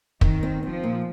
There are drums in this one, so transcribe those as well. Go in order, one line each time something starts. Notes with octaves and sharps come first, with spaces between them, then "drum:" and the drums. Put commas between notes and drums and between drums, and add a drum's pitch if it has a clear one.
D#3 C4, drum: kick
C4
F3 C4
A#2